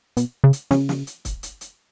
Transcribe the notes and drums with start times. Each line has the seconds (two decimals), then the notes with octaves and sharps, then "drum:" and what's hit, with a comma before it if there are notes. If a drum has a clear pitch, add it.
0.17 B2, drum: hi-hat
0.44 C#3
0.53 drum: hi-hat
0.71 C#3, drum: snare
0.89 drum: snare
1.07 drum: hi-hat
1.25 drum: kick, hi-hat
1.43 drum: hi-hat
1.61 drum: hi-hat